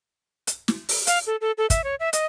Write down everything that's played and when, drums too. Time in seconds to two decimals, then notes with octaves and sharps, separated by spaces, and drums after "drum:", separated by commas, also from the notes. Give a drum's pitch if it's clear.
0.47 drum: hi-hat
0.68 drum: snare
0.89 drum: open hi-hat
1.07 F5, drum: hi-hat
1.27 A4
1.41 A4
1.58 A4
1.70 E5, drum: kick, hi-hat
1.84 C#5
2.00 E5
2.13 D#5, drum: hi-hat